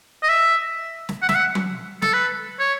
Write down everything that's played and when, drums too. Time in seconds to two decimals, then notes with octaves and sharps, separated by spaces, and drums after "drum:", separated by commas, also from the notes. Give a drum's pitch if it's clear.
0.23 D#5
0.29 E5
1.09 drum: snare
1.22 F#5
1.29 E5, drum: snare
1.35 F#5
1.55 drum: tom F#3
2.02 A4, drum: snare
2.13 B4
2.60 C#5